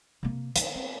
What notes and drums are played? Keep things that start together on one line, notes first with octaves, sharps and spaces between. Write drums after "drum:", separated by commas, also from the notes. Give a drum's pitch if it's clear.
C3 A#3
D#3 D#4, drum: hi-hat
C4